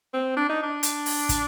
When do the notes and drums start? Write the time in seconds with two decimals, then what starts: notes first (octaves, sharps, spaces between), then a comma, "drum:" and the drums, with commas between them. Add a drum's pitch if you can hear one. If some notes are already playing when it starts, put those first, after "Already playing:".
0.14 C4
0.37 D4
0.49 D#4
0.63 D4
0.83 drum: hi-hat
1.06 drum: open hi-hat
1.29 drum: kick, hi-hat